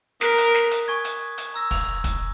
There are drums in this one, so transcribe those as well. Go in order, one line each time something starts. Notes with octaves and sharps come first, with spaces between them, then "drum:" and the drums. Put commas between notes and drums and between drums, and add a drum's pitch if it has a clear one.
A#4 D#6 F#6 B6, drum: snare
drum: hi-hat
drum: snare
drum: hi-hat
G#5 C#6 G#6
drum: hi-hat
drum: hi-hat
A#5 E6 A#6
drum: kick, open hi-hat
drum: kick, hi-hat